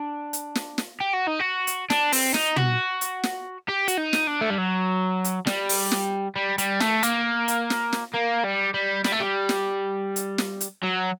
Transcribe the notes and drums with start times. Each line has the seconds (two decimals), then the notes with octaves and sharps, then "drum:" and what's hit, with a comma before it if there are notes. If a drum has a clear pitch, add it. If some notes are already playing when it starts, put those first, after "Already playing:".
Already playing: D4
0.33 drum: hi-hat
0.55 drum: snare
0.78 drum: snare
1.00 G4
1.14 F#4
1.28 D#4
1.40 F#4
1.67 drum: hi-hat
1.90 D4, drum: snare
2.12 C4, drum: open hi-hat
2.34 D#4, drum: snare
2.56 F#4, drum: tom
3.01 drum: hi-hat
3.23 drum: snare
3.69 G4
3.88 F#4, drum: hi-hat
3.97 D#4
4.13 drum: snare
4.27 D4
4.41 A3
4.50 G3
4.58 F#3
5.25 drum: hi-hat
5.47 G3, drum: snare
5.69 drum: open hi-hat
5.92 drum: snare
6.36 G3
6.58 G3, drum: hi-hat
6.80 A3, drum: snare
7.03 A#3, drum: hi-hat
7.48 drum: hi-hat
7.70 drum: snare
7.93 drum: snare
8.14 A#3
8.44 G3
8.74 G3
9.04 G3, drum: snare
9.12 A3
9.20 G3
9.49 drum: snare
10.16 drum: hi-hat
10.38 drum: snare
10.61 drum: hi-hat
10.83 F#3